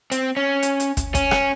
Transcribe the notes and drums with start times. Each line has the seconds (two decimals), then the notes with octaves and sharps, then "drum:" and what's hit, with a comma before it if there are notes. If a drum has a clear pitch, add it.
0.12 C4, drum: hi-hat
0.37 C#4
0.62 drum: hi-hat
0.80 drum: hi-hat
0.97 drum: kick, hi-hat
1.15 C#4, drum: kick, hi-hat
1.31 drum: rim click